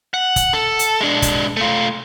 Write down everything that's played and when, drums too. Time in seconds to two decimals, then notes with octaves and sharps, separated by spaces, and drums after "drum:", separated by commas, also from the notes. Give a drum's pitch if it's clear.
0.14 F#5
0.36 drum: kick, hi-hat
0.53 A4
0.79 drum: hi-hat
1.01 G#3 D4
1.22 drum: kick, hi-hat
1.57 A3 F4